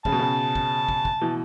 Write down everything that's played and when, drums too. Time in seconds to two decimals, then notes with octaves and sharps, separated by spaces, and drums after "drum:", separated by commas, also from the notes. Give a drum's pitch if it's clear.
0.05 C#3 A5, drum: kick
0.12 B2
0.19 C#3
0.55 drum: kick
0.89 drum: kick
1.05 drum: kick
1.21 B2 E3